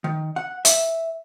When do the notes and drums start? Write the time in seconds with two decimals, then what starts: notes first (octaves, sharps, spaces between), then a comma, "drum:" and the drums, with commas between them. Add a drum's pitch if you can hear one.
0.04 D#3
0.36 F#5
0.65 E5, drum: hi-hat